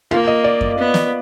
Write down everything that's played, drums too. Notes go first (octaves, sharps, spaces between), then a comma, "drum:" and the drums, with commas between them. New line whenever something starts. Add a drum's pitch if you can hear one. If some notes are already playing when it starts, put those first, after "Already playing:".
A#3 F4 F5
D#5
D5
drum: kick F#2
B3
drum: snare